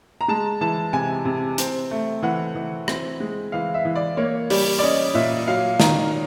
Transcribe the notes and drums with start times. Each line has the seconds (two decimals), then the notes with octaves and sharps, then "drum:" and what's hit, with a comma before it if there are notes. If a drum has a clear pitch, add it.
0.21 A#5
0.28 G#3 A5
0.61 E3 A5
0.93 C3 G#5
1.25 C3
1.58 C4, drum: hi-hat
1.91 A3
2.22 E3 F#5
2.55 E3
2.88 C4, drum: rim click
3.20 G#3
3.52 E3 F5
3.74 E5
3.85 E3
3.95 D5
4.17 A#3 C#5
4.50 G3 D5, drum: open hi-hat
4.79 D5
4.82 C#4 D#5
5.14 A#2 E5
5.47 F#3 F5
5.80 D#3 A#5, drum: snare